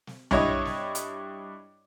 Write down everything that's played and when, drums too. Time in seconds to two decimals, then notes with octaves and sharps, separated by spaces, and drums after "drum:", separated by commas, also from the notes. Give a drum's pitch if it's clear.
0.07 drum: snare
0.31 G2 E4 C#5 D#5, drum: tom B1
0.65 drum: snare
0.95 drum: hi-hat